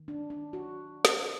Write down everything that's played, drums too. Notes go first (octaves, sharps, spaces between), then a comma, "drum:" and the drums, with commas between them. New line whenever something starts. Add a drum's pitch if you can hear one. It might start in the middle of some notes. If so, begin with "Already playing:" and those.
Already playing: D#3
D4
D#3 D4
F#4
drum: snare